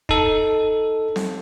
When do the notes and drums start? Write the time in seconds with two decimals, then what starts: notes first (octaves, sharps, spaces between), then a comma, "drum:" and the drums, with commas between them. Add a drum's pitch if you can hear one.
0.09 D#4 A4, drum: kick
1.16 drum: snare C4